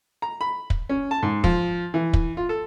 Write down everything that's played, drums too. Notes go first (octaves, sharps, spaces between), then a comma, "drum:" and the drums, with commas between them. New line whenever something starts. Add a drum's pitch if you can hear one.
A#5
B5
drum: kick
C#4
A5
G#2
F3, drum: kick
E3
drum: kick
F4
A4